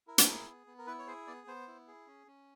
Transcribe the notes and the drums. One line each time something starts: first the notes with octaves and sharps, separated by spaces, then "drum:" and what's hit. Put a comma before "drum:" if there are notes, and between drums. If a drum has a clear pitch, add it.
E4 A#4
A4, drum: hi-hat
G#4 A#4
B3
B3
A#4
E4 B4
C#5
G#4 C5
B3 D5
B3 C5
E4
G#4
C#4
C#4